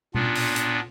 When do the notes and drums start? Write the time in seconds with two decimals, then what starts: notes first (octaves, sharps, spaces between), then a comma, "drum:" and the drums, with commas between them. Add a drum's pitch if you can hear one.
0.15 A#2 B3 D4 F4, drum: tom B2
0.35 drum: open hi-hat
0.56 drum: hi-hat